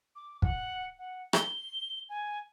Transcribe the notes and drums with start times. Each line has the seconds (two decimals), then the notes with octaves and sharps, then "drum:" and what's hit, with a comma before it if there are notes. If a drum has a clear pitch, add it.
0.16 D6
0.42 F#5, drum: kick
0.98 F#5
1.33 G7, drum: rim click
2.09 G#5